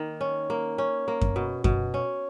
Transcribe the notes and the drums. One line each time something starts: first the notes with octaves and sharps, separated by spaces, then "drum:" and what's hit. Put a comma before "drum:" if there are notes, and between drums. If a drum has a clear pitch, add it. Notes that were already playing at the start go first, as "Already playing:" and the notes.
Already playing: D#3 A#3
C#4
A#3
C#4
A#3
drum: kick F#2
B2
B2, drum: kick F#2
C#4